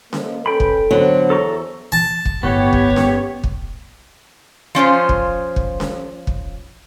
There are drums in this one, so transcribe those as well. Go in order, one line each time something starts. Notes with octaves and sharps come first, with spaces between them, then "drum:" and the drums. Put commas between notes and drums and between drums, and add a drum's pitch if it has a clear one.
A#3 A4 C5 D#5, drum: snare C#4
C#4 A4 B4 G5 B5
drum: kick
D3 F#3 B3 C5
E2 A4 A#5 C#6
A5
drum: kick
G1 A2 B3 G4 C#5
drum: kick
drum: snare C#4
drum: kick
F3 C#4 F4 C5
drum: kick
drum: kick
drum: snare C#4
drum: kick